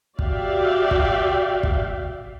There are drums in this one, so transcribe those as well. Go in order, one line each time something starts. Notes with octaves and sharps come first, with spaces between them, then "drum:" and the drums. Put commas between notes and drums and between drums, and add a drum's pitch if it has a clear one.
F#4 G4 D5 E5 F5 G5, drum: kick
drum: kick
drum: kick